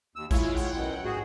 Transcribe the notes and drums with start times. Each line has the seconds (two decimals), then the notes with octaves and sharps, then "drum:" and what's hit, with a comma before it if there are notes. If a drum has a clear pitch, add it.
0.16 D#2 E6
0.31 G#3 E4 F4 C#5, drum: kick A1, hi-hat
0.55 F#5 G5
0.74 F#2 B2
1.05 G#2 F#4 G#4